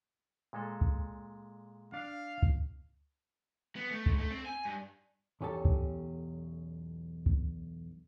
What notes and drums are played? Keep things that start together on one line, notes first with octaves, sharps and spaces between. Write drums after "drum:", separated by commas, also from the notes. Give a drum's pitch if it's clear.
A#2 G#3 A4
drum: kick
D4 F5
drum: kick
B3
A3
G#2, drum: kick
A3
C4
G#5
G2
B1 E2 C#4 G4 A4 A5
drum: kick
drum: kick